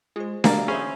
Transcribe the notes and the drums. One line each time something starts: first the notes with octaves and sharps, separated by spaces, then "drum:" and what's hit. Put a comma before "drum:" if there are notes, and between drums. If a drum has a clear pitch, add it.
G#3 F4 C5
A#3 F#4 G4 D5 E5 F5 G#5 A#5, drum: snare D4
C#4 G#4 C5 E5 B5